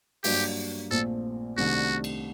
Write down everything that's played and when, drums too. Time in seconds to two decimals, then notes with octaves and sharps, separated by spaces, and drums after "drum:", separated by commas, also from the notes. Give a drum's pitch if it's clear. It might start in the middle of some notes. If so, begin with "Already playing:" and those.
0.24 G2 F#3 A#3 D4 G4, drum: open hi-hat
0.91 A#1 A#2 A3 C4 A4
1.57 C2 C3 D#3 A3 D4 F#4
2.04 drum: cymbal